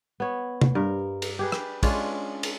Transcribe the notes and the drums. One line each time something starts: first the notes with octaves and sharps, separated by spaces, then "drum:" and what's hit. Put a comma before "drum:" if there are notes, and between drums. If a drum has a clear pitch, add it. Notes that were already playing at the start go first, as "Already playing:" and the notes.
B3 C#5
drum: tom
G2 A#4
drum: cymbal
G4 G#4 B4
drum: rim click
G#3 C#4 D4 F4, drum: kick, cymbal
drum: cymbal